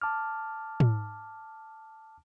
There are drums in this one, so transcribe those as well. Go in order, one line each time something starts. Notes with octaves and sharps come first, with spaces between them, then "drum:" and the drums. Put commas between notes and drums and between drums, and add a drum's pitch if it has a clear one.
A5 D6 F6
drum: tom